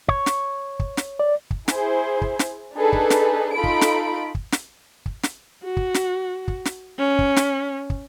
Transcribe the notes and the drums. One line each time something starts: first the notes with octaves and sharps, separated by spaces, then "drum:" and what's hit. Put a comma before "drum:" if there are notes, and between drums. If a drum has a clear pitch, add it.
C#5, drum: kick
drum: snare
drum: kick
drum: snare
D5
drum: kick
E4 G#4 C5, drum: snare
drum: kick
drum: snare
D4 D#4 G#4 A4 B4
drum: kick
drum: snare
D#4 F4 A4 B5 D7
drum: kick
drum: snare
drum: kick
drum: snare
drum: kick
drum: snare
F#4
drum: kick
drum: snare
drum: kick
drum: snare
C#4
drum: kick
drum: snare
drum: kick